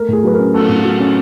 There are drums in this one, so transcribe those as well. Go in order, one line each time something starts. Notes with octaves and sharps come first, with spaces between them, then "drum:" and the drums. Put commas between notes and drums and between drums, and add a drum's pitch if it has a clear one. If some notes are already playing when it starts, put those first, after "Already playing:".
Already playing: A3 A#4
A2 G#4
F#3 B4
A#4
C#4
A3 A4, drum: cymbal
A2
F#3
C#4